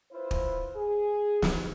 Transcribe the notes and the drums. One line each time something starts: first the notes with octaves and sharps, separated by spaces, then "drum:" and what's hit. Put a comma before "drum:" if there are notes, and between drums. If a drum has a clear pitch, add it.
E4 F4 B4 C5
drum: kick
G#4
drum: snare